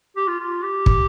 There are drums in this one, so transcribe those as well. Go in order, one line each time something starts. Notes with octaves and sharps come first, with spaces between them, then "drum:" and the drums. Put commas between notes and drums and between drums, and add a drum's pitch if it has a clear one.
G4
F4
F4
G4
drum: kick